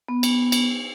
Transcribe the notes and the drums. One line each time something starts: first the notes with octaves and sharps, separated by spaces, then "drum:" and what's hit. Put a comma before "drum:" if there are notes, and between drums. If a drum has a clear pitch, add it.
B3
drum: cymbal
drum: cymbal